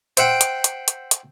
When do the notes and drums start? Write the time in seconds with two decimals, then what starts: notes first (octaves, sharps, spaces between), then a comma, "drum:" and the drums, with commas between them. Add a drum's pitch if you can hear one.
0.17 C5 E5 F#5 G5, drum: hi-hat
0.41 drum: hi-hat
0.64 drum: hi-hat
0.88 drum: hi-hat
1.11 drum: hi-hat